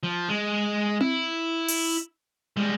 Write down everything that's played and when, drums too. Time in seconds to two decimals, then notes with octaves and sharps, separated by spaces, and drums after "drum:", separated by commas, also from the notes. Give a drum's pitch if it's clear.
0.03 F3
0.29 G#3
1.01 E4, drum: tom C4
1.68 drum: open hi-hat
2.57 G3 G#3